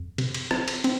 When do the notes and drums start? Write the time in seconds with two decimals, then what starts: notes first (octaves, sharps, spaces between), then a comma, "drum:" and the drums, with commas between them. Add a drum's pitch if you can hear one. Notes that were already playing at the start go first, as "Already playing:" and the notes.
Already playing: F2
0.18 C3, drum: cymbal
0.34 drum: cymbal
0.51 C4, drum: rim click
0.68 drum: cymbal
0.84 C4, drum: cymbal